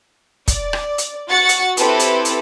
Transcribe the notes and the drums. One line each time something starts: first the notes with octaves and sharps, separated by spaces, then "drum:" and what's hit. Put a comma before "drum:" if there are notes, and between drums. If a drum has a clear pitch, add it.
D5, drum: kick, hi-hat
drum: rim click
drum: hi-hat
F#4 F#5 A6 C#7
drum: hi-hat
C4 E4 G4 A4 B4, drum: hi-hat
drum: hi-hat
drum: hi-hat